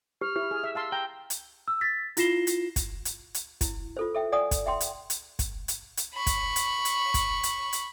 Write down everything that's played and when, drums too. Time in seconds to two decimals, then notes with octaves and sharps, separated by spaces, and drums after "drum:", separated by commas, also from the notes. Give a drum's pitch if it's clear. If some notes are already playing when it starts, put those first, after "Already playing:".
0.21 G4 F6
0.36 E4 G4
0.51 G#4
0.64 E5
0.75 F5 A5 C6 E6
0.92 G5 A#5
1.30 drum: hi-hat
1.68 E6
1.81 A6 B6
2.17 E4 F4 A#6 C7 E7 G7, drum: hi-hat
2.47 drum: hi-hat
2.76 drum: kick, hi-hat
3.05 drum: hi-hat
3.34 drum: hi-hat
3.61 E4, drum: kick, hi-hat
3.97 F4 A4 C5
4.15 A4 E5 G5
4.32 D5 F#5 G#5 D#6
4.51 drum: kick, hi-hat
4.66 E5 F#5 G5 C6
4.81 drum: hi-hat
5.10 drum: hi-hat
5.39 drum: kick, hi-hat
5.68 drum: hi-hat
5.97 drum: hi-hat
6.14 B5 C#6
6.27 drum: kick, hi-hat
6.56 drum: hi-hat
6.85 drum: hi-hat
7.14 drum: kick, hi-hat
7.43 drum: hi-hat
7.73 drum: hi-hat